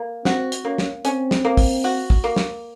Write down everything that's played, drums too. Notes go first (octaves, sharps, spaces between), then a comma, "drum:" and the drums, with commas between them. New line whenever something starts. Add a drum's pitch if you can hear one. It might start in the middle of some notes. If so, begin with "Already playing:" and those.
Already playing: A#3
C4 F#4, drum: snare
drum: hi-hat
A#3 C#4
drum: snare
C4 C#4, drum: hi-hat
drum: snare
A#3
drum: kick, open hi-hat
F#4
drum: kick
A#3
drum: snare